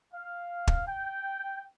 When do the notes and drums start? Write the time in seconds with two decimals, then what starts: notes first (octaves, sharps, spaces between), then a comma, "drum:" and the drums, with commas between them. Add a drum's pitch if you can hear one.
0.13 F5
0.67 drum: kick
0.86 G5